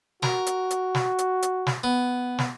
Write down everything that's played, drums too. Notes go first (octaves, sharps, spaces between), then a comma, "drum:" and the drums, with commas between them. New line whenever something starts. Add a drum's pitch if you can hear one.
F#4 A#4, drum: snare
drum: hi-hat
drum: hi-hat
drum: snare
drum: hi-hat
drum: hi-hat
drum: snare
B3
drum: snare